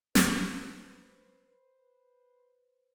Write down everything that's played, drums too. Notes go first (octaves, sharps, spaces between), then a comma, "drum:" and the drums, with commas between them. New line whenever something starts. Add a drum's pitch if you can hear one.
B4 C5, drum: snare